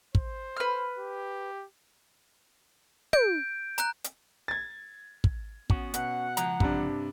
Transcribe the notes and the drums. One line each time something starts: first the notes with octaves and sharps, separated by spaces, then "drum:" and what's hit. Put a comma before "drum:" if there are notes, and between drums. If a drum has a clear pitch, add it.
C5, drum: kick
B4 F6
G4
G6 D7, drum: tom
A#5 F#6, drum: hi-hat
drum: hi-hat
G#6 A6
drum: kick
B3 C#4 F#4, drum: kick
B2 F#5, drum: hi-hat
C#2 F3 A#5, drum: hi-hat
G2 C3 D4, drum: kick